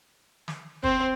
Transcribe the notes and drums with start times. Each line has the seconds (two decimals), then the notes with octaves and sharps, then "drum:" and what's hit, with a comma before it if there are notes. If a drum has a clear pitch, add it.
0.48 drum: snare
0.84 C4 C5, drum: kick